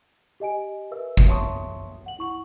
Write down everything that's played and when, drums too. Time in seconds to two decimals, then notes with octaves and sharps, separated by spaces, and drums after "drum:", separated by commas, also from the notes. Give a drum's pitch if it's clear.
0.40 G4 D#5 G#5 D7
0.91 A#4 B4 E5 E6
1.17 drum: kick G#1
1.28 C#5 E5 A5 C6 C#6 D#6
2.06 F#5 F#7
2.19 E4 C#6 F#7